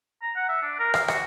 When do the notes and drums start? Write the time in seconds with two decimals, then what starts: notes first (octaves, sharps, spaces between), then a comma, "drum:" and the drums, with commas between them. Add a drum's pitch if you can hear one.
0.22 A#5
0.36 F#5
0.49 E5
0.63 D4
0.79 A#4
0.94 F5, drum: rim click
1.08 F#4, drum: rim click